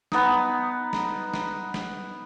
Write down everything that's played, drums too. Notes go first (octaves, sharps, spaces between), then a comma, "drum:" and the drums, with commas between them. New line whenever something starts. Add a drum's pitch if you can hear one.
B3 D#4, drum: snare
drum: snare
drum: snare
drum: snare